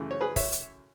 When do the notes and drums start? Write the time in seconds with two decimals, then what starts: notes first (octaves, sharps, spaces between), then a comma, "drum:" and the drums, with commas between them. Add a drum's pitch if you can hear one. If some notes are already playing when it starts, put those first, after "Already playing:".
Already playing: F#2 C#3 E3 A3
0.11 C#5
0.21 G#4 B4
0.36 C#5 E5, drum: kick, open hi-hat
0.52 drum: hi-hat